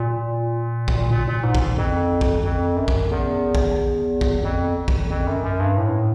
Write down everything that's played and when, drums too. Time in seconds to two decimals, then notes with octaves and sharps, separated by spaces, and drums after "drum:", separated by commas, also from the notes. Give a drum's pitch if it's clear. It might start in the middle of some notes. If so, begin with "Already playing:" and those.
Already playing: A#2
0.88 drum: kick
1.10 A#2
1.27 A#2
1.43 G#2
1.55 drum: kick
1.77 F2
2.21 drum: kick
2.44 F2
2.77 F#2
2.88 drum: kick
3.11 E2
3.55 drum: kick
4.21 drum: kick
4.43 F2
4.88 drum: kick
5.10 F2
5.27 F#2
5.43 F#2
5.60 G2
5.77 A2